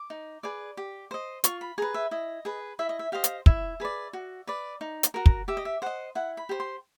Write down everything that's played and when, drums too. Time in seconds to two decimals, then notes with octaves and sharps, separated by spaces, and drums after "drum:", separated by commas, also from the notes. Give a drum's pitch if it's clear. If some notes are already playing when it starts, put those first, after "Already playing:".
Already playing: D6
0.10 D#4
0.43 G#4 B4 D5
0.77 G4
1.11 C5 D#5
1.44 F4 C#6, drum: hi-hat
1.61 B5
1.78 G#4 B4 A#5
1.94 E5
2.11 E4 D#5
2.45 G#4 B4
2.79 E4 E5
2.89 D#5
2.99 E5
3.12 G4 C5 D#5 F5
3.24 drum: hi-hat
3.46 E4 E5, drum: kick
3.80 G#4 B4 D5
4.13 F#4
4.47 B4 D5
4.81 D#4
5.03 drum: hi-hat
5.14 F#4 A#4
5.26 drum: kick
5.48 G4 E5
5.57 D#5
5.65 E5
5.82 C5 D#5 F#5
6.15 E4 F#5
6.37 B5
6.49 G4 C5
6.60 C6